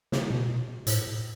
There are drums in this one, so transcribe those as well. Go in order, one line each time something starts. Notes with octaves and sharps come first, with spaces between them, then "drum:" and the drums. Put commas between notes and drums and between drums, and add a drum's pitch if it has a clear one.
C#3, drum: snare
B2
A2, drum: hi-hat